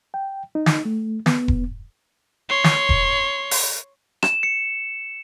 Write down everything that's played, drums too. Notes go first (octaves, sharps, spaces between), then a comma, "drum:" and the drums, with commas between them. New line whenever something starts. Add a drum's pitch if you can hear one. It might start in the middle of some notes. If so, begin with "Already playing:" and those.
G5
D#4
drum: snare
A3
B3, drum: snare
drum: kick E1
C#5 C6
drum: snare
drum: kick E1
drum: open hi-hat
E7, drum: rim click
C#7